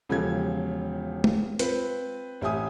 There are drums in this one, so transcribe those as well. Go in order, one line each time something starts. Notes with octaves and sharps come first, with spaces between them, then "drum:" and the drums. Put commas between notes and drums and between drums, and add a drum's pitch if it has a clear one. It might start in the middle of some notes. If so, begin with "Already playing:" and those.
E1 C#3 F3 G4 A4 G#6
drum: tom G#3
C4 F4 B4, drum: hi-hat
A1 G4 E5 G#5 D#6